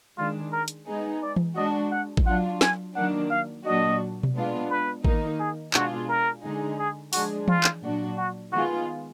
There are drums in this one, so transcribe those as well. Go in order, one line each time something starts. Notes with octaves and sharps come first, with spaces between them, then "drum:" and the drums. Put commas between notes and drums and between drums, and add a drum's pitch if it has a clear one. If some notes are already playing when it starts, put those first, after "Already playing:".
D#3 G#3 D4 F4
A#4
drum: hi-hat
G#3 B3 D#4 G#4
D5
drum: tom E3
G#3 D4 F#4 D#5
F#5
drum: kick A1
F#3 D4 F4 F#5
G#5, drum: snare
D#3 F#3 A#3 D4 F#5
F5
A#2 F#3 D4 F#4 D#5
drum: tom B2
G#3 B3 D4 F4
B4
D#3 A#3 D#4, drum: kick A1
G#4
B2 G#3 D4 F4 F#4 G#4, drum: clap
A#4
D3 G#3 D#4 G#4
G#4
F3 G#3 D4 F#4 G#4, drum: open hi-hat
F4, drum: tom E3
drum: clap
A#2 F#3 D4 F#4
F#4
D#3 G#3 B3 F4 F#4 G#4